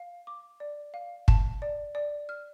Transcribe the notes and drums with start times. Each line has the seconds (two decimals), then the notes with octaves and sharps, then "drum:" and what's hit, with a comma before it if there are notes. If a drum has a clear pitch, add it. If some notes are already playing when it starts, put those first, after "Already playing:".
Already playing: F5
0.27 D6
0.60 D5
0.94 F5
1.28 A5, drum: kick
1.62 D5
1.95 D5
2.29 F6